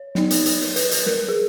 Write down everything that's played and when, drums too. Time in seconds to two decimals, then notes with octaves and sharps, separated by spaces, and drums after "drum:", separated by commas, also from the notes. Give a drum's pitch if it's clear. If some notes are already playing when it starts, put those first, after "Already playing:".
Already playing: C#5
0.15 F#3 B3 D#4, drum: snare
0.30 drum: hi-hat
0.46 drum: hi-hat
0.61 drum: open hi-hat
0.76 B4, drum: hi-hat
0.91 drum: hi-hat
1.06 A#4, drum: snare
1.29 G#4